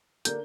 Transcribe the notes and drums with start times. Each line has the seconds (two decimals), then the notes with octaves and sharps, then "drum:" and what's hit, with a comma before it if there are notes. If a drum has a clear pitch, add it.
0.25 D3 A#3 D4 G6, drum: hi-hat